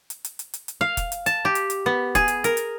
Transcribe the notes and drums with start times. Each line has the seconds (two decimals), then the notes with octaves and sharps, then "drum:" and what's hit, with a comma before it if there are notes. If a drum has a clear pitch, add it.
0.10 drum: hi-hat
0.25 drum: hi-hat
0.39 drum: hi-hat
0.54 drum: hi-hat
0.68 drum: hi-hat
0.81 F5
0.97 drum: kick, hi-hat
1.12 drum: hi-hat
1.26 A5, drum: hi-hat
1.45 G4
1.55 drum: hi-hat
1.70 drum: hi-hat
1.86 B3
2.15 G#4, drum: kick, hi-hat
2.28 drum: hi-hat
2.44 A#4, drum: hi-hat
2.57 drum: hi-hat